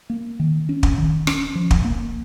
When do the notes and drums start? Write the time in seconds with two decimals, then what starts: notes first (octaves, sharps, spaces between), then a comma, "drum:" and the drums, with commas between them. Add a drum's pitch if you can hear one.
0.10 A#3
0.40 D#3
0.69 C#4
0.83 drum: kick
0.98 D#3
1.27 C#4, drum: rim click
1.55 F3
1.71 drum: kick
1.85 A#3